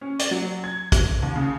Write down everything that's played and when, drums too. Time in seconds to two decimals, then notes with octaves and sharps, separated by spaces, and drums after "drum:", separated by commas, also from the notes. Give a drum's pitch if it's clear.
0.01 C#4
0.19 D5, drum: hi-hat
0.31 F#3
0.64 G#6
0.92 drum: kick, hi-hat
1.22 D#2
1.36 C#3